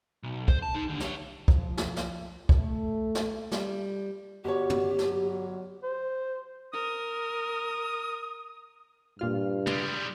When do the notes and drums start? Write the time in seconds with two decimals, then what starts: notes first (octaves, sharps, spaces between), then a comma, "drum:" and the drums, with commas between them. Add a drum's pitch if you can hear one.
0.23 B1
0.48 C5, drum: kick
0.62 A5
0.75 D#4 G#4
0.88 D#2 D3
1.00 G3 C#5, drum: snare
1.48 F3, drum: kick
1.77 drum: snare
1.96 drum: snare
2.49 A3, drum: kick
3.15 drum: snare
3.52 G3, drum: snare
4.44 G1 F#4 G4 C#5
4.70 drum: tom
4.99 F#3, drum: snare
5.83 C5
6.73 A#4 D#6
9.19 G2 A#2 F4 F6
9.67 G3 G#3, drum: tom